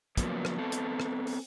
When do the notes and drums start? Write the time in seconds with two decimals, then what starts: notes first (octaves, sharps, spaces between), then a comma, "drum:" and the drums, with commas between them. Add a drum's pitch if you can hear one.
0.17 C#3 F3 F#3 A#3 B3, drum: kick, hi-hat
0.45 drum: rim click
0.58 B3 C4 A4
0.72 drum: hi-hat
1.00 drum: rim click
1.27 drum: open hi-hat